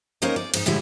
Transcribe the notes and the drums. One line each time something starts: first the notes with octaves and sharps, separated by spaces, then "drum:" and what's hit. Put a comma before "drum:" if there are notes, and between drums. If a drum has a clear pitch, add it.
A#3 C#4 D#4 A#4 C5 D#5
D5
G#2 D#4, drum: cymbal
A2 D3 G3 G#3 E4